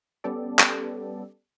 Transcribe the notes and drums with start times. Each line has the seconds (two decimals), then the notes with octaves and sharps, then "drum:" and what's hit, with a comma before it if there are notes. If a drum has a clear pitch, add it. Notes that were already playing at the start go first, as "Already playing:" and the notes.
0.24 G3 B3 C#4 G4 A4 D5
0.59 drum: clap